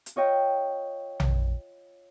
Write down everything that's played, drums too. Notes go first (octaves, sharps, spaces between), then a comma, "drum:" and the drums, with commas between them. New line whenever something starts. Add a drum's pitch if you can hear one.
drum: hi-hat
F4 C#5 D#5 G5
drum: tom A#1